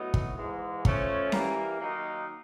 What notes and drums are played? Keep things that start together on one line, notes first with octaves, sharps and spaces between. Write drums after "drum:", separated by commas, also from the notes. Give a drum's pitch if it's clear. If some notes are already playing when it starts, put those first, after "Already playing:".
Already playing: A2 F#3 B3 D#4 F#4
drum: kick
G#2 E3 G#3
F3 A3 C#4, drum: kick
E3 G3 A#3, drum: snare C#4
D#3 F#3 A#3 D#4